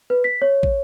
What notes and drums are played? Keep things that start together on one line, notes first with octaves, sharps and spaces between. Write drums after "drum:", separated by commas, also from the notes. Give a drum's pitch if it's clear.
B4
B6
C#5
drum: kick